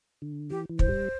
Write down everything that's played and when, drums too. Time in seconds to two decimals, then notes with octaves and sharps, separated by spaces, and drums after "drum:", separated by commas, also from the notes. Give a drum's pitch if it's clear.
0.22 D3
0.50 E3 G4
0.69 E3
0.79 C5, drum: kick
0.89 G3